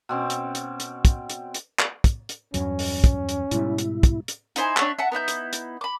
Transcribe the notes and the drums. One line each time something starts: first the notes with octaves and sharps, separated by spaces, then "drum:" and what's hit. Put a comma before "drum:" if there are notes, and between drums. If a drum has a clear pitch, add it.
B2 C4 C#4
drum: hi-hat
drum: hi-hat
drum: hi-hat
drum: kick, hi-hat
drum: hi-hat
drum: hi-hat
drum: clap
drum: kick, hi-hat
drum: hi-hat
E2 G2 F#3 C#4, drum: hi-hat
drum: open hi-hat
drum: kick, hi-hat
drum: hi-hat
G#2 B2 G3 E4, drum: hi-hat
drum: hi-hat
drum: kick, hi-hat
drum: hi-hat
D#4 E4 C5 G#5, drum: hi-hat
D4 C#5 E5, drum: clap
E5 F#5 A5
B3 D#4 E4 G6
drum: hi-hat
drum: hi-hat
B5 D6